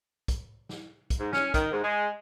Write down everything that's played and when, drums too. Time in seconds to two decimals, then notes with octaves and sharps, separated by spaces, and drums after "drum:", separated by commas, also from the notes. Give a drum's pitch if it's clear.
0.28 drum: kick, hi-hat
0.69 drum: snare
1.10 drum: kick, hi-hat
1.20 G#2
1.33 C#4, drum: snare
1.54 D#3, drum: kick, hi-hat
1.72 G#2
1.84 G#3